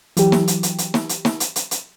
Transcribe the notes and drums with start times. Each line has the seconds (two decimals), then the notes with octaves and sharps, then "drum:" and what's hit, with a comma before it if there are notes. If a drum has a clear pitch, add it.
0.17 E3 F#3 G4, drum: hi-hat
0.32 drum: snare
0.48 drum: hi-hat
0.63 drum: hi-hat
0.78 drum: hi-hat
0.94 drum: snare
1.09 drum: hi-hat
1.25 drum: snare
1.40 drum: hi-hat
1.56 drum: hi-hat
1.71 drum: hi-hat